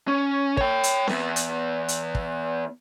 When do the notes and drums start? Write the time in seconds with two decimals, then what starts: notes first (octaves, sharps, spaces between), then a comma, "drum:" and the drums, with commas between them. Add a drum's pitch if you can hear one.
0.08 C#4
0.57 C#5 G5, drum: kick
0.83 drum: hi-hat
1.08 E3 B3, drum: snare C4
1.36 drum: hi-hat
1.88 drum: hi-hat
2.15 drum: kick